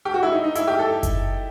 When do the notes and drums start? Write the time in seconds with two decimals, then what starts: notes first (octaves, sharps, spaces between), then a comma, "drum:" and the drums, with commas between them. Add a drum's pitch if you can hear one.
0.05 G4
0.14 F#4
0.23 E4
0.32 D#4
0.44 D#4
0.55 E4, drum: hi-hat
0.67 G4
0.79 A4
1.03 drum: kick F#1, hi-hat